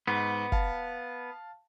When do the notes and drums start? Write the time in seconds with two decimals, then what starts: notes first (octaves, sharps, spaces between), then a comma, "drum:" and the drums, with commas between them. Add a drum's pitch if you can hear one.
0.07 G#2 B3
0.52 F5 A5, drum: kick